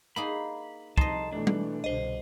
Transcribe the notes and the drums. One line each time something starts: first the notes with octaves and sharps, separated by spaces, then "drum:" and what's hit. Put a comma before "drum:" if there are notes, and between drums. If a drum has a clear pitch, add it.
A#3 D#4 G#4 B5
C2 F2 D#4 D#5 A5 C6, drum: kick
B2 E3 A3 D4
drum: tom
C2 B2 D3 C5 D#5